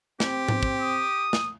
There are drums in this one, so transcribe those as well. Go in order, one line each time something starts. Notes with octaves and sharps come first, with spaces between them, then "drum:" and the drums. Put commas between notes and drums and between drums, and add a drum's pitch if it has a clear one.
C4 G4, drum: snare
drum: tom G#2
drum: kick
D#6
drum: snare